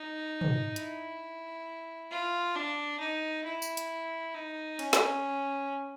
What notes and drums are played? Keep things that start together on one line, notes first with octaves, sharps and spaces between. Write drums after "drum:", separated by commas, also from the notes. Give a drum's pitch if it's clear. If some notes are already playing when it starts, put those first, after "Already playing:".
Already playing: D#4
drum: tom
E4, drum: hi-hat
F4
D4
D#4
E4
drum: tambourine
drum: hi-hat
D#4
C#4, drum: cymbal
drum: snare